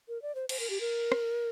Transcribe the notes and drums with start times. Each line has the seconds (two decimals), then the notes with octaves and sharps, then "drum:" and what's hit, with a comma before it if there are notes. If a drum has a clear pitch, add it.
0.09 A#4
0.22 D5
0.35 C5
0.49 C5, drum: cymbal
0.60 A#4
0.70 G4
0.80 A#4
1.12 drum: rim click